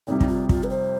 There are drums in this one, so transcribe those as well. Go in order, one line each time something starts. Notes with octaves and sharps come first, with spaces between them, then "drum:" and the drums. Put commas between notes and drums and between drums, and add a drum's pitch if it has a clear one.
F1 F2 C3 G3 D#4
D#4, drum: kick
F4
F4, drum: kick
B4
C5